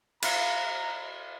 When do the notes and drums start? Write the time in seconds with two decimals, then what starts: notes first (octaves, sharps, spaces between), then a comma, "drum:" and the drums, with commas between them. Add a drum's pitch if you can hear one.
0.22 B4 E5 F5 A#5, drum: cymbal